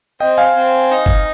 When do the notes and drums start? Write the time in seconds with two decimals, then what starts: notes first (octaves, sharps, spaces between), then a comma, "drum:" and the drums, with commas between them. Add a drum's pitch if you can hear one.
0.20 C4 D#5 G5
0.38 F5 G#5
0.55 C4
0.91 D#4
1.06 drum: kick G1